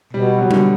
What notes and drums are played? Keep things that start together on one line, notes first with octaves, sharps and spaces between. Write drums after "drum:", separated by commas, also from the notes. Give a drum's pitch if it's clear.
B2 G3
F#3
B2 D3, drum: tom G3